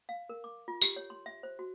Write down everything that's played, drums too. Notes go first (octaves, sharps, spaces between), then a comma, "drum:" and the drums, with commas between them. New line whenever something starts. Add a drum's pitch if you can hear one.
F5
A#4
D6
F4
G4, drum: tambourine
C#5
C6
E5
C5
F#4